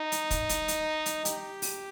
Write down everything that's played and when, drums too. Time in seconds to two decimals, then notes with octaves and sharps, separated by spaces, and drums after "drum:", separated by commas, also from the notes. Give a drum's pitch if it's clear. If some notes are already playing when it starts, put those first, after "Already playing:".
Already playing: D#4
0.12 drum: hi-hat
0.31 drum: kick, hi-hat
0.49 drum: hi-hat
0.68 drum: hi-hat
1.06 drum: hi-hat
1.25 G4, drum: hi-hat
1.62 drum: open hi-hat